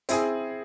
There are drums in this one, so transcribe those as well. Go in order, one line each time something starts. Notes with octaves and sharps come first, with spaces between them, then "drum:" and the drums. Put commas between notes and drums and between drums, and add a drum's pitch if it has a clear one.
C4 E4 G#4, drum: hi-hat